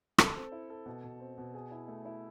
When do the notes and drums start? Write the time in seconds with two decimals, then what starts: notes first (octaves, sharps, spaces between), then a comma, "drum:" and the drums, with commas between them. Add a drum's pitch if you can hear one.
0.18 A4, drum: rim click
0.35 C4
0.52 E4
0.70 A4
0.86 B2
1.04 B2
1.20 C4
1.38 B2
1.54 G#4
1.71 E4
1.88 A3
2.05 E4